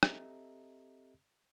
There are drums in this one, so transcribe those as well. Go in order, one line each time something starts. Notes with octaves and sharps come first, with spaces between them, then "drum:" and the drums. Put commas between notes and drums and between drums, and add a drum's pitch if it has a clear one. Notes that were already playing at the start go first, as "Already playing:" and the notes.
C4 G4 A4 D#5 E5 A#5, drum: rim click